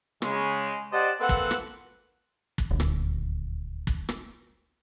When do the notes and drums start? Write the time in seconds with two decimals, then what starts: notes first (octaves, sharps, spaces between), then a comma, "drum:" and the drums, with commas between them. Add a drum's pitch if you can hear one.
0.22 C#3 G#3, drum: rim click
0.92 G4 C5 D5 D#5 F#5 A5
1.20 A#3 C4 A4 B4 F#5
1.29 drum: kick
1.51 drum: rim click
2.58 drum: kick
2.71 D#1 D2
2.80 drum: rim click
3.87 drum: kick
4.09 drum: rim click